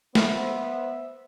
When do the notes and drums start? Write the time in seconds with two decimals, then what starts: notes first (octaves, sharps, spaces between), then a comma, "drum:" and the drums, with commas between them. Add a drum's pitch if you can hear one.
0.15 B3 C5 E5, drum: snare